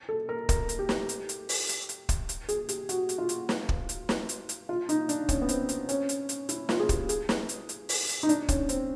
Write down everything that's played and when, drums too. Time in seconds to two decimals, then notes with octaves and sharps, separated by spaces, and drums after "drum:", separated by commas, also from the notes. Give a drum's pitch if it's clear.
0.09 A4
0.29 A#4
0.49 A#4, drum: kick, hi-hat
0.69 drum: hi-hat
0.79 G4
0.89 drum: snare
1.09 drum: hi-hat
1.29 drum: hi-hat
1.49 drum: open hi-hat
1.69 drum: hi-hat
1.89 drum: hi-hat
2.09 drum: kick, hi-hat
2.29 drum: hi-hat
2.49 G#4, drum: hi-hat
2.69 G4, drum: hi-hat
2.89 F#4, drum: hi-hat
3.09 drum: hi-hat
3.18 F4
3.29 drum: hi-hat
3.49 drum: snare
3.69 drum: kick
3.89 drum: hi-hat
4.09 drum: snare
4.29 drum: hi-hat
4.49 drum: hi-hat
4.69 F4
4.89 D#4, drum: hi-hat
5.09 D4, drum: hi-hat
5.29 C#4, drum: kick, hi-hat
5.42 B3
5.49 C4, drum: hi-hat
5.69 C4, drum: hi-hat
5.89 C#4, drum: hi-hat
6.09 drum: hi-hat
6.29 drum: hi-hat
6.49 E4, drum: hi-hat
6.69 F4, drum: snare
6.80 G#4
6.89 G4, drum: kick, hi-hat
7.09 G#4, drum: hi-hat
7.29 drum: snare
7.49 drum: hi-hat
7.69 drum: hi-hat
7.89 drum: open hi-hat
8.09 drum: hi-hat
8.23 D#4
8.29 D4, drum: hi-hat
8.49 C#4, drum: kick, hi-hat
8.69 C4, drum: hi-hat